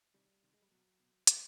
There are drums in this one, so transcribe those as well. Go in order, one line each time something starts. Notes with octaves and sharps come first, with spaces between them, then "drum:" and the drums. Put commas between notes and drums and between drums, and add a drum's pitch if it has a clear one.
C3 D#3 G3
C3 D#3
G#3
G3
B2 F#3
B2
A2 E3 G3, drum: hi-hat